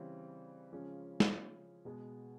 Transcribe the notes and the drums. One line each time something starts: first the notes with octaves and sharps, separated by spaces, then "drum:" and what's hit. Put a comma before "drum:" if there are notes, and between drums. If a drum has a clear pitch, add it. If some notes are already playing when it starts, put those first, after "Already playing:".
Already playing: C#3 E3 G3 C4
C#3 F3 G#3 C#4 F4
drum: snare
B2 G#3 B3